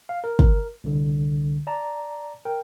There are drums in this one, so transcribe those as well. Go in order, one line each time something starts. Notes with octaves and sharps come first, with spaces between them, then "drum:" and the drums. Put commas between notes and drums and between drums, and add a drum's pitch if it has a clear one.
F5
A#4
drum: kick
C2 D3
D5 A5 A#5
A#4 G5